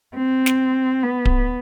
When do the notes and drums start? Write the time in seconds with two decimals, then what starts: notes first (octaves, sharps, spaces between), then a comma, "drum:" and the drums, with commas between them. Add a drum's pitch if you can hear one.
0.16 C4
0.46 drum: snare
1.03 B3
1.25 drum: kick D1